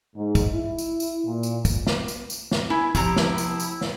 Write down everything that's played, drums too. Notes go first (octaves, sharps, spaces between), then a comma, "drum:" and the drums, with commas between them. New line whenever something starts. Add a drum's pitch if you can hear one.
G#2
drum: kick, tambourine
E4
drum: tambourine
drum: tambourine
A#2
drum: tambourine
drum: kick, tambourine
drum: snare
drum: tambourine
drum: tambourine
drum: snare
E4 G#5
C3 F3 E4 G4 A#5, drum: kick, tambourine
drum: snare
drum: tambourine
drum: tambourine
drum: snare